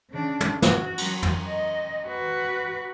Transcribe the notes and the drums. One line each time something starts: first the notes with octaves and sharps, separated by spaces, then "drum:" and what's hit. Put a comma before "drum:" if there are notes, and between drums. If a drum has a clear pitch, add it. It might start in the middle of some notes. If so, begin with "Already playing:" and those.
C#3 D4
drum: tom
F#4, drum: snare
F#3, drum: cymbal
drum: tom
D#5
F#4 B4